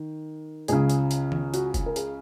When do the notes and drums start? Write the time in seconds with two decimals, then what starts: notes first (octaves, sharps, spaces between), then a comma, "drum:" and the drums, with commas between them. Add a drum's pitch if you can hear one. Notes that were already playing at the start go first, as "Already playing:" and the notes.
Already playing: D#3
0.68 C#2 C#3 G#4, drum: hi-hat
0.90 drum: hi-hat
1.11 drum: hi-hat
1.32 drum: tom D#3
1.54 F#4, drum: hi-hat
1.74 drum: kick, hi-hat
1.86 A#4
1.96 G#4, drum: hi-hat